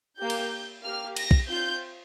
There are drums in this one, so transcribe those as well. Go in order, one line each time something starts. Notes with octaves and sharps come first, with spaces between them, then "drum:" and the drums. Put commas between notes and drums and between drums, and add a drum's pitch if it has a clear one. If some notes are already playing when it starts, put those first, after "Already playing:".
A#3 G4 G6
drum: cymbal
A#3 G4 F6
A#6, drum: cymbal
drum: kick
C4 F4 G6